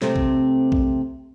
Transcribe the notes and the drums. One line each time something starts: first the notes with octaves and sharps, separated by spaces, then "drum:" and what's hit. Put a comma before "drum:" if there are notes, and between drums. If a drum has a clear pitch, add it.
C3 A3 C4, drum: snare
drum: kick A#1
drum: kick A#1